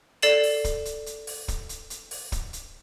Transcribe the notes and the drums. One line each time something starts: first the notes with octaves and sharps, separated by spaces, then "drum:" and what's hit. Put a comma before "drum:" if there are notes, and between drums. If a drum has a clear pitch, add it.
A4 D5 A6 C7 E7 F#7, drum: hi-hat
drum: open hi-hat
drum: kick, hi-hat
drum: hi-hat
drum: hi-hat
drum: open hi-hat
drum: kick, hi-hat
drum: hi-hat
drum: hi-hat
drum: open hi-hat
drum: kick, hi-hat
drum: hi-hat